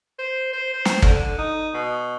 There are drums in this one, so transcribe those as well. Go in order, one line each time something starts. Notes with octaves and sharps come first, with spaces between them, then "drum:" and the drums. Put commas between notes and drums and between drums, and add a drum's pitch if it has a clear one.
C5
C5
C5
drum: snare
D3, drum: kick
D#4
B2